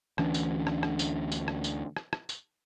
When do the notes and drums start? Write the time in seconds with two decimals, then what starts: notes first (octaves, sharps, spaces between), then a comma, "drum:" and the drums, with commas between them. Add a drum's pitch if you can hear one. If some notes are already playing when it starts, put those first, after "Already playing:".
0.18 D2 E3 C#4 D4, drum: rim click
0.34 drum: tambourine
0.67 drum: rim click
0.83 drum: rim click
0.99 drum: tambourine
1.32 drum: tambourine
1.48 drum: rim click
1.64 drum: tambourine
1.97 drum: rim click
2.13 drum: rim click
2.29 drum: tambourine